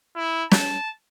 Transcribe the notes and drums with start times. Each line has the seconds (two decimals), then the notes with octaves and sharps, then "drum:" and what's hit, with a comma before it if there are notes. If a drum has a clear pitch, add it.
0.16 E4
0.51 A5, drum: snare